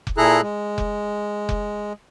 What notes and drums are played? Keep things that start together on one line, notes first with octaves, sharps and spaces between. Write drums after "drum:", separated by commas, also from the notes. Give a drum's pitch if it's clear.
drum: kick F1
A#2 E4 G#4 A4 A#5 F#6
G#3
drum: kick F1
drum: kick F1